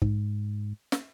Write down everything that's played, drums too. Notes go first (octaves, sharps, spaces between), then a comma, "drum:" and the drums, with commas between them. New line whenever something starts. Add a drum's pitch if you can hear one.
G#2, drum: kick
drum: snare